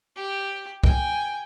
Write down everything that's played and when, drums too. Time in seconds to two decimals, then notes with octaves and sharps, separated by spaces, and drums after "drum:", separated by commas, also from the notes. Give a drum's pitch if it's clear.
0.16 G4
0.84 G5 G#5, drum: kick